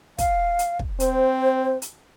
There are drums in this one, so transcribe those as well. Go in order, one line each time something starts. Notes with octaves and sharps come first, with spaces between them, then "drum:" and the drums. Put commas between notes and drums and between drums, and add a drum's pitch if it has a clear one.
F5, drum: kick, hi-hat
drum: hi-hat
drum: kick
C4 C5, drum: hi-hat
drum: hi-hat